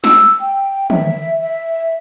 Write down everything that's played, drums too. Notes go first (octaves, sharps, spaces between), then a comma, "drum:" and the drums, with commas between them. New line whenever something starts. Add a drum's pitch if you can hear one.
E6, drum: snare
G5
E5, drum: tom
E5